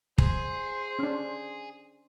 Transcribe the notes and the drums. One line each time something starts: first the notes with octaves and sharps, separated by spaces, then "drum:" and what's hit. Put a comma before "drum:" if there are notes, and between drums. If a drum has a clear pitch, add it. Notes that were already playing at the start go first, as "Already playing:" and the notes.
G#4 C5, drum: kick
C#4 D4